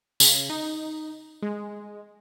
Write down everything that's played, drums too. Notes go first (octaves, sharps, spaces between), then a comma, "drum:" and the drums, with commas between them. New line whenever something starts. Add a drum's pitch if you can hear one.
C#3, drum: tambourine
D#4
G#3